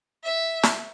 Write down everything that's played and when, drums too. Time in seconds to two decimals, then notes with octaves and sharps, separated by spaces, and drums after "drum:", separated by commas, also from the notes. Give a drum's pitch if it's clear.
0.24 E5
0.63 drum: snare